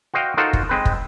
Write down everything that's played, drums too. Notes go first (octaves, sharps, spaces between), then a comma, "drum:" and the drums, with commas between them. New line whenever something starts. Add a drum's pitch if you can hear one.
F#4 C5 D#5 F5 G5
D#4 F4 F#4 A4 A#4 C5
drum: kick
G#3 C4 B4
drum: kick